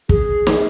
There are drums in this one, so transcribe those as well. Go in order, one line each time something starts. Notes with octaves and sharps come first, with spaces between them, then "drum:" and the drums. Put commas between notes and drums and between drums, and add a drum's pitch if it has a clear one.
G#4, drum: kick
drum: snare